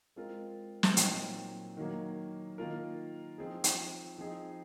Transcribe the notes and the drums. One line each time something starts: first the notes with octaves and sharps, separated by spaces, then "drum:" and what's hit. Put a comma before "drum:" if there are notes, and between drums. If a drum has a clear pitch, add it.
G#3 C4 F4 A#4
drum: snare
A#2 F#3 C4 D#4, drum: hi-hat
D#3 F#3 A#3
D#3 A#3 F4 A#4
F3 C4 D#4 G#4
drum: hi-hat
F3 C4 D#4 G#4